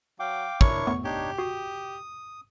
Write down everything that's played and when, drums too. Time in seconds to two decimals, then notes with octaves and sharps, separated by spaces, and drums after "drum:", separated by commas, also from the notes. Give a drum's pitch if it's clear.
0.20 F#3 F5 G5 D6
0.61 D4 E4 A#4 C#5, drum: kick
0.87 A3 B3 C#6
1.04 D4 D#4 G4 C#5
1.38 F#4 D#6